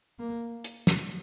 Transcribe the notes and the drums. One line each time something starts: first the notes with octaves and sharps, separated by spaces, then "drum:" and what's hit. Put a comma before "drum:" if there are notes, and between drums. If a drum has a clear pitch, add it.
A#3
drum: hi-hat
drum: snare